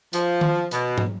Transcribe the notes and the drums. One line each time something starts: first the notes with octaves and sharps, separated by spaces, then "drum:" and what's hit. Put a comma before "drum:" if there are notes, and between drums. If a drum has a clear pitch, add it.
F3, drum: hi-hat
drum: tom D#3
B2, drum: hi-hat
drum: tom